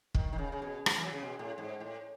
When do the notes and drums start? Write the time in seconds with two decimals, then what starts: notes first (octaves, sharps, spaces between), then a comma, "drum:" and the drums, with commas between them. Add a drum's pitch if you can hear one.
0.15 D#3, drum: kick
0.33 D#3
0.38 C#3
0.52 C#3
0.62 B2
0.86 drum: rim click
0.97 E3
1.03 F#3
1.13 C#3
1.22 B2
1.39 A2
1.58 G#2
1.80 A2